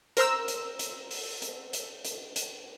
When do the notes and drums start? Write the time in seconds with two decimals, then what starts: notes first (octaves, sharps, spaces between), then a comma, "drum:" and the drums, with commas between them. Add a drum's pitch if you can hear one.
0.17 A#4 C5 A#5 E6, drum: hi-hat
0.48 drum: hi-hat
0.79 drum: hi-hat
1.11 drum: open hi-hat
1.42 drum: hi-hat
1.73 drum: hi-hat
2.05 drum: hi-hat
2.36 drum: hi-hat